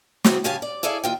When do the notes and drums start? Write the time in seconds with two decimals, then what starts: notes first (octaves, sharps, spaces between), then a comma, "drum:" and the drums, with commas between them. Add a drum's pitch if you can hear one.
0.24 C#3 E3 F#3 B3 C4, drum: snare
0.44 G2 C#3 G4 F5 G#5 A5
0.62 D5
0.83 E4 G#4 A4 D5 F5
1.04 D#2 F4 G5